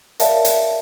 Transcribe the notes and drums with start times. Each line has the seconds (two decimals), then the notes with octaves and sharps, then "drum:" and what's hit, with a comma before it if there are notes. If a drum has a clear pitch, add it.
0.20 A#4 C#5 D5 E5 F5 A5, drum: hi-hat
0.45 drum: hi-hat